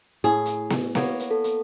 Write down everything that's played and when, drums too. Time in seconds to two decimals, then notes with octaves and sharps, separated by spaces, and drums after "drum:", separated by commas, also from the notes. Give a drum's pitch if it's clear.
0.24 A2 G#4
0.46 drum: hi-hat
0.70 drum: snare B3
0.95 A#3 B3 C#5, drum: snare B3
1.20 drum: hi-hat
1.31 A4
1.44 drum: hi-hat